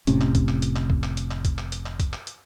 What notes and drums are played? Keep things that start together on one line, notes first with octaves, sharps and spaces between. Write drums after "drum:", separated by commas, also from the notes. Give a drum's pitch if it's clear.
F1 A2 C3 C#4, drum: hi-hat
drum: clap
drum: kick B1, hi-hat
drum: clap
drum: hi-hat
drum: clap
drum: kick B1
drum: clap
drum: hi-hat
drum: clap
drum: kick B1, hi-hat
drum: clap
drum: hi-hat
drum: clap
drum: kick B1, hi-hat
drum: clap
drum: hi-hat